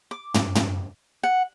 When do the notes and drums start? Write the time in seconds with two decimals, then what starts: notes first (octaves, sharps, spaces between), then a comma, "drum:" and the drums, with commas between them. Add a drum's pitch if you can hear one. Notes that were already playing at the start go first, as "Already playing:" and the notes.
0.11 D6
0.34 drum: tom
0.55 drum: tom
1.23 F#5